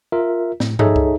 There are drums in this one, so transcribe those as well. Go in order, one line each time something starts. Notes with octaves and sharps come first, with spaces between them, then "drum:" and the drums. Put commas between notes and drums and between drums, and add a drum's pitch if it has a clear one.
F4 A#4 E5
A2, drum: snare
D#4 G#4 A4 C#5 E5, drum: tom G2
drum: kick